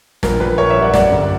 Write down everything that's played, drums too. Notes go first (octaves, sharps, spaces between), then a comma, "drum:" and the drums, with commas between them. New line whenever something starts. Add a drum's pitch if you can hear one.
A#1 A#4, drum: snare
A#1 B4
A#1 A#4 C#5
C#5 E5
G3
D5 F#5
F#2 D5 F#5, drum: snare
G1